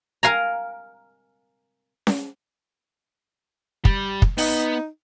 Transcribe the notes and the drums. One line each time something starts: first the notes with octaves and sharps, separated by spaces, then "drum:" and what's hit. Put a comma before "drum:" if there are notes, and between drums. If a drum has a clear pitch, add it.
A#4 F5 G#5 A#5
drum: snare C#4
G3, drum: kick
drum: kick
B3 D#4, drum: open hi-hat